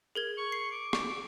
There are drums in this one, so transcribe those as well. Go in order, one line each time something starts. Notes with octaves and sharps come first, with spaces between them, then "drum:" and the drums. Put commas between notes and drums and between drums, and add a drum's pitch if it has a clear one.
G#4 A#4 G#6
C#6
C7
D6
drum: rim click